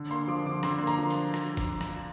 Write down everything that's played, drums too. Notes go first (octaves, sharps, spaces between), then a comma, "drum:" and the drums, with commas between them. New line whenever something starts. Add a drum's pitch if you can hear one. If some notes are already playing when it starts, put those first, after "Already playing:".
Already playing: D3
A#3 C6
F3 D6
D3 D6
D3 C6, drum: rim click
A#3
A#5, drum: hi-hat
F3
drum: hi-hat
drum: rim click
drum: kick F#1, hi-hat
drum: rim click